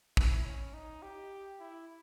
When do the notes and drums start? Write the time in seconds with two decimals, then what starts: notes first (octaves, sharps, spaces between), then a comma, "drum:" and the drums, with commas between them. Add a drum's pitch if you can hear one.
0.17 E4, drum: kick
0.45 C#4
0.74 D#4
1.03 G4
1.60 E4